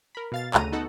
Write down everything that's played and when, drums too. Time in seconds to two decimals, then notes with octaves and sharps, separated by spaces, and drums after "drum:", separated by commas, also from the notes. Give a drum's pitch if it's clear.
0.15 A#4 B5
0.32 B2 F5 A6
0.54 D2 C#3 A3 A#5 D#7, drum: clap
0.72 B3 D#4 F#4 A4 F#5